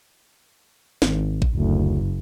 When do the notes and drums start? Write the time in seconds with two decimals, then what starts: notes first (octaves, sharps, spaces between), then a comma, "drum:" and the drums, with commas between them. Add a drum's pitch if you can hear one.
1.02 G#1, drum: snare
1.42 drum: kick A1
1.55 F#1 D2